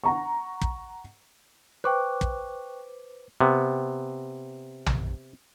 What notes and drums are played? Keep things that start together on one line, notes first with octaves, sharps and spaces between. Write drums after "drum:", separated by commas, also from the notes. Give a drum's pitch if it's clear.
F#5 A#5 C#6
drum: kick
B4 C5 G5 C#6 D6 F#6
drum: kick
C3 B3
drum: tom